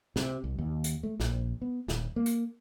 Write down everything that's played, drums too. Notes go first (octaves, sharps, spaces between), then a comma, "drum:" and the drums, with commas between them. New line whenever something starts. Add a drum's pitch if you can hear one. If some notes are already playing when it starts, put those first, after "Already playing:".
C3, drum: snare
C2
D#2
drum: hi-hat
A3
A#1, drum: snare
B3
D#1, drum: snare
A#3
drum: hi-hat